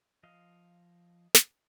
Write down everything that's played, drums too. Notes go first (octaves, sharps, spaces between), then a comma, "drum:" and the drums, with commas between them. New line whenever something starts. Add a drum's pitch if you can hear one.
F3 D#5 F5
drum: snare